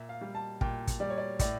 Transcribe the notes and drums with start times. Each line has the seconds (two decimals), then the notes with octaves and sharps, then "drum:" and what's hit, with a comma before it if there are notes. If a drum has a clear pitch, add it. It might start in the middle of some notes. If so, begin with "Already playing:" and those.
Already playing: A#2 E5
0.09 F5
0.21 G3
0.35 A5
0.61 A#2 G5, drum: kick
0.87 drum: kick, hi-hat
1.00 G3 D5
1.10 C#5
1.18 D5
1.39 A2 D5, drum: kick, hi-hat